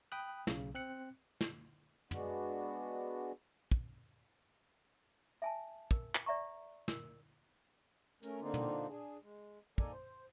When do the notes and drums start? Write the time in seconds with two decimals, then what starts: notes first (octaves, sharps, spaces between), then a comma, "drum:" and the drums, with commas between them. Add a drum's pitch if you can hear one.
0.12 G5 B5 D#6 F#6
0.47 B1 C#3, drum: snare
0.75 C4 F#6 C#7
1.41 drum: snare
2.11 G#3 B3 D4 F#4, drum: tom
3.72 drum: kick
5.42 E5 G#5 A5
5.91 A#4, drum: kick
6.15 drum: clap
6.26 D5 E5 A#5 C#6
6.88 A#4, drum: snare
8.23 A3 C#4 A#4, drum: hi-hat
8.41 D3 A#3 C4 D4 D#4 F4
8.54 drum: tom
8.89 D4 G#4
9.22 G#3
9.78 A#3 D#4 A4 A#4 D5 G#5, drum: kick
9.92 C5